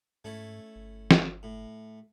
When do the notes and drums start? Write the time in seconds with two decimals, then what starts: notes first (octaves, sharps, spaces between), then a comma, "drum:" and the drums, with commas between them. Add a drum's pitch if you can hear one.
0.24 G#2 A3 C#4 E4
0.76 G1
1.11 drum: snare
1.43 A2